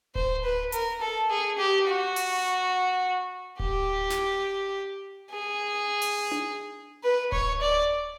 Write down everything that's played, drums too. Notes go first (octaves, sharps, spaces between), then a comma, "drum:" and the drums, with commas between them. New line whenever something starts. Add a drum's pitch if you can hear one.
C5, drum: kick D1
B4
A#4, drum: hi-hat
A4
G#4
G4
F#4
drum: open hi-hat
G4, drum: kick D1
drum: snare
G#4
drum: open hi-hat
drum: tom D4
B4
C#5, drum: kick D1
D5